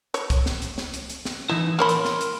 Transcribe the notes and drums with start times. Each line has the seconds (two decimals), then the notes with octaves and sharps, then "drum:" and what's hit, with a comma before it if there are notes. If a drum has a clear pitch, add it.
0.14 C#5, drum: hi-hat
0.30 drum: kick, hi-hat
0.46 drum: snare
0.62 drum: hi-hat
0.78 drum: snare
0.94 drum: hi-hat
1.10 drum: hi-hat
1.25 drum: snare
1.49 E3 D#4 E4
1.79 A#3 A#4 C#5 B5 C6
1.89 drum: hi-hat
2.05 drum: snare
2.21 drum: hi-hat